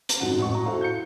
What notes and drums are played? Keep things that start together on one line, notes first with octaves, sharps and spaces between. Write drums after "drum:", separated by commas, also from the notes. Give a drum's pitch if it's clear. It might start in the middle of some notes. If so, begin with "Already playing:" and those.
drum: hi-hat
F2 G#2 F#4 F#5
A1 F#4 C#6
A#5
E4 F#4 A4 C5 F5
G6 C#7